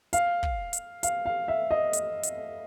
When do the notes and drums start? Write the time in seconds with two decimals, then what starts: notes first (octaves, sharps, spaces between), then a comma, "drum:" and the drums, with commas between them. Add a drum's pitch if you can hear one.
0.13 F5, drum: hi-hat
0.43 drum: kick
0.73 drum: hi-hat
1.03 F5, drum: hi-hat
1.26 F5
1.48 E5
1.71 D#5
1.93 drum: hi-hat
2.23 drum: hi-hat